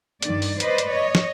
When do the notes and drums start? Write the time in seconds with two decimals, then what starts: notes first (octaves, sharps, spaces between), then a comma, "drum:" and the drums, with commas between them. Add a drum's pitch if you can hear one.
0.22 G2 D#3 D5, drum: hi-hat
0.42 drum: open hi-hat
0.60 B4 C5 D5 D#5, drum: hi-hat
0.78 drum: hi-hat
0.91 C#5 D#5
1.15 drum: snare